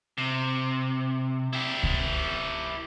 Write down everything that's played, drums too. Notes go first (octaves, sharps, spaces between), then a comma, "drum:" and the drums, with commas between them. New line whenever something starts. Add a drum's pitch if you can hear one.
C3
E4 G4
drum: kick C#2